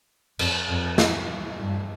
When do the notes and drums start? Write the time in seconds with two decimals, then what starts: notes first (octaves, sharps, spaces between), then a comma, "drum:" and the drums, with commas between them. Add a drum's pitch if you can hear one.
0.39 F2, drum: cymbal
0.69 F2
0.98 drum: snare
1.60 G2